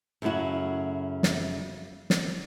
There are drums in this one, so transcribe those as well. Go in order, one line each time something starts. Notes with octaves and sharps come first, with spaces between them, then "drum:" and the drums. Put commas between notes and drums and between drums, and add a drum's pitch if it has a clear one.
F#2 C#3 A3 E4 F#4
drum: snare
drum: snare